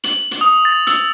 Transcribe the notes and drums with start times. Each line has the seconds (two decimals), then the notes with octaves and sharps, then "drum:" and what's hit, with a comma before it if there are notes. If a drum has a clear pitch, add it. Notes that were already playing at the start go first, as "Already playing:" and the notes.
0.04 F#7, drum: hi-hat
0.31 drum: hi-hat
0.41 D#6
0.65 A6
0.87 E6, drum: hi-hat